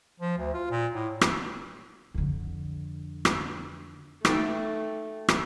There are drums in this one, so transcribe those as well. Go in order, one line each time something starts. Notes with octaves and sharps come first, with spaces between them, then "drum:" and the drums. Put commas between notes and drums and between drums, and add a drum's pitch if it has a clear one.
F3
D2
F4
A#2
A2
drum: rim click
F2 D3
drum: rim click
A3 D#4 F#4 A4 B4 C#5 G5, drum: rim click
drum: rim click